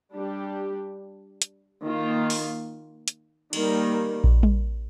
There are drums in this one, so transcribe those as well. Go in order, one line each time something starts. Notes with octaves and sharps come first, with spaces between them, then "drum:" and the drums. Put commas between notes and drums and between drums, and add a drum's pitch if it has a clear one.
G3 D4 G4
drum: hi-hat
D#3 A#3 F4
drum: open hi-hat
drum: hi-hat
D#3 G3 A#3, drum: cymbal
drum: kick A#1
drum: tom G3